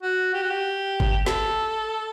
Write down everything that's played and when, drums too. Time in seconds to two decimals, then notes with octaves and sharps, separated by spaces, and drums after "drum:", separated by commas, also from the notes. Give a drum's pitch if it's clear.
0.03 F#4
0.34 G4
0.42 F#4
0.50 G4
1.00 drum: kick G1
1.26 A4, drum: snare